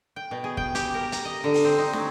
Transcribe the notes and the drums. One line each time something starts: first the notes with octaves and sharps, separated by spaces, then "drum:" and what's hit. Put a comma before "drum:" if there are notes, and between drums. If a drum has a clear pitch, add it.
G5
B2
G#4
G5, drum: kick
G4, drum: hi-hat
A#4
A#5, drum: hi-hat
D#5
D3
drum: open hi-hat
C4
D#4
F#3, drum: snare